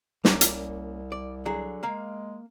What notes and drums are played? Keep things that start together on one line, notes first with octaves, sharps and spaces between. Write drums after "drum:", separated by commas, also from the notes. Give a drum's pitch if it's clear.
C2 A#3 C#4 D5, drum: snare
drum: hi-hat
D5
D3 F#3 G#4
G#3 A#3 F5